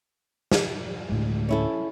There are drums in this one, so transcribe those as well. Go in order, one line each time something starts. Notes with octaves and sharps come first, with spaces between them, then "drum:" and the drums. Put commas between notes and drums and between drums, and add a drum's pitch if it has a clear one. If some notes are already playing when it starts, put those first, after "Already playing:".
drum: snare
D2 A2 G#3
C#4 E4 A4